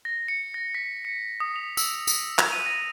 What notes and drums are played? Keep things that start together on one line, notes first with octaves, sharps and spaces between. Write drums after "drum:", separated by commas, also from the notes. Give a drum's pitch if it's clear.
A#6
C#7
A#6
B6
C#7
D#6
F7
E6, drum: tambourine
drum: tambourine
F7, drum: clap
D#7
A#6